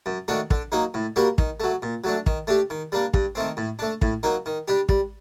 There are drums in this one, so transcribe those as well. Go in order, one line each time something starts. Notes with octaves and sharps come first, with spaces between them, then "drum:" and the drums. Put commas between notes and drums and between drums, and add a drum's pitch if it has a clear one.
F#2
D#3 A3 D4 F#4
D3, drum: kick
F#3 A#3 D#4
A2
G3 A#3 F#4 A#4
D#3, drum: kick
F#3 A3
A#2
F#3 A3 D4
D#3, drum: kick
A3 D4 G4
D#3
G3 A#3 D4
G2, drum: kick
D#3 A3 C4
A2
A3 D4
A2, drum: kick
F#3 A#3 D#4
D#3
G3 D4 G4
G3, drum: kick